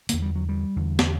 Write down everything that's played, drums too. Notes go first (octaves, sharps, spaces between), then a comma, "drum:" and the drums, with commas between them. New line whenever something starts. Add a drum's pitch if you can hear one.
E2 D3 A#3, drum: hi-hat
G3
F#3
G3
E2 D3
drum: snare